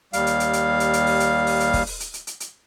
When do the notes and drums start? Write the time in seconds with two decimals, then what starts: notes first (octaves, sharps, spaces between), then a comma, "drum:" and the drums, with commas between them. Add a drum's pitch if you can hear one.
0.13 D#2 G3 F5, drum: hi-hat
0.27 drum: hi-hat
0.40 drum: hi-hat
0.53 drum: hi-hat
0.80 drum: hi-hat
0.93 drum: hi-hat
1.07 drum: open hi-hat
1.20 drum: hi-hat
1.47 drum: open hi-hat
1.60 drum: hi-hat
1.74 drum: kick, open hi-hat
1.87 drum: open hi-hat
2.00 drum: hi-hat
2.14 drum: hi-hat
2.27 drum: hi-hat
2.40 drum: hi-hat